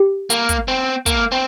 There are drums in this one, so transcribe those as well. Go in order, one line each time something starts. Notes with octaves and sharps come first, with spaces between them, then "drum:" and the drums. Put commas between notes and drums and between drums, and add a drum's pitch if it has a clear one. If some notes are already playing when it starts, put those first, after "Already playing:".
Already playing: G4
A#3, drum: hi-hat
drum: kick, hi-hat
C4
A#3, drum: kick, hi-hat
C4